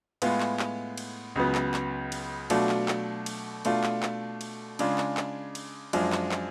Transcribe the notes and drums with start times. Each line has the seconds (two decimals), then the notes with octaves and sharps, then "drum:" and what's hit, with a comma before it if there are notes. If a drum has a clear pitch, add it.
0.22 A2 G#3 B3 F4, drum: cymbal
0.40 drum: clap
0.59 drum: clap
0.98 drum: cymbal
1.36 C#2 C#3 F#3 B3
1.55 drum: clap
1.74 drum: clap
2.12 drum: cymbal
2.50 B2 F#3 A3 D4 F4, drum: cymbal
2.69 drum: clap
2.88 drum: clap
3.26 drum: cymbal
3.65 B2 A3 D4 F4, drum: cymbal
3.84 drum: clap
4.03 drum: clap
4.41 drum: cymbal
4.79 C#3 G#3 D4 F4, drum: cymbal
4.98 drum: clap
5.17 drum: clap
5.55 drum: cymbal
5.93 F#2 F3 G#3 D4 F4, drum: cymbal
6.12 drum: clap
6.31 drum: clap